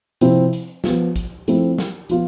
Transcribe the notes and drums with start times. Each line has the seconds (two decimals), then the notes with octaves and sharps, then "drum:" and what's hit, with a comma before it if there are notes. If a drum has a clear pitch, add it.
0.21 C3 F3 C4 E4, drum: hi-hat
0.53 drum: hi-hat
0.84 F3 B3 F4, drum: snare
1.16 drum: kick A#1, hi-hat
1.48 F3 A3 C4 E4, drum: hi-hat
1.78 drum: snare
2.09 F3 B3 F4, drum: hi-hat